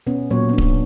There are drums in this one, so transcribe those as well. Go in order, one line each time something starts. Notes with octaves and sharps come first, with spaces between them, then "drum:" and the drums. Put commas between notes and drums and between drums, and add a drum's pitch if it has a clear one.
B2 B3 C#4
A#2 F#3 C#5
B3 D4
drum: kick D1